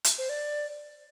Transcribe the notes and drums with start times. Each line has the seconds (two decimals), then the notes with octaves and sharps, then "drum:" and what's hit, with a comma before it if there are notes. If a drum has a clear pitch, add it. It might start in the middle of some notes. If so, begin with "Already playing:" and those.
0.04 drum: hi-hat
0.18 C5
0.29 D5